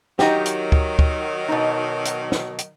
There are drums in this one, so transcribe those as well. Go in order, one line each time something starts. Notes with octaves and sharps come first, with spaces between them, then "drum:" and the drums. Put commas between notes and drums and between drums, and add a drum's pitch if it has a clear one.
D#3 F#3 D#4 F#4 G4, drum: snare
drum: hi-hat
drum: kick D2
drum: kick D2
B2 B3 D#4
drum: hi-hat
drum: snare
drum: hi-hat